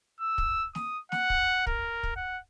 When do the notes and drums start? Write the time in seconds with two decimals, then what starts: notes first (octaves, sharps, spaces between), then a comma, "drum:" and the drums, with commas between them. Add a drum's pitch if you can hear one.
0.20 E6
0.38 drum: kick
0.75 D#6, drum: snare
1.12 F#5, drum: snare
1.30 drum: kick
1.67 A#4, drum: kick
2.03 drum: kick
2.16 F#5